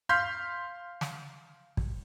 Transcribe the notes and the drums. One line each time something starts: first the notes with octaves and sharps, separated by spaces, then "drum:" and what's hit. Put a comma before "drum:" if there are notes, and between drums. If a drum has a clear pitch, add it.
F5 C6 F6 G6 B6
drum: snare
drum: kick